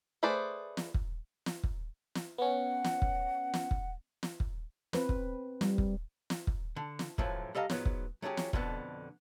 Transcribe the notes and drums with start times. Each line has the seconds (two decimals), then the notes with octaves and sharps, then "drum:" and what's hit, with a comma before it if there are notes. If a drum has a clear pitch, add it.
0.23 A3 G#4 B4 C5 D5
0.77 drum: snare
0.94 drum: kick
1.46 drum: snare
1.64 drum: kick
2.15 drum: snare
2.38 B3 C#4 F#5
2.84 drum: snare
3.02 drum: kick
3.54 drum: snare
3.71 drum: kick
4.23 drum: snare
4.40 drum: kick
4.93 C4 B4 C5, drum: snare
5.09 drum: kick
5.61 G3, drum: snare
5.78 drum: kick
6.30 drum: snare
6.47 drum: kick
6.76 D3
6.99 drum: snare
7.18 F#2 A2 E3 F3, drum: kick
7.55 G3 A4 D#5 F5 A#5
7.70 G#2 F#3 B3, drum: snare
7.85 drum: kick
8.22 F#3 A3 C#4 G4 G#4
8.37 drum: snare
8.53 F2 B2 D3 B3, drum: kick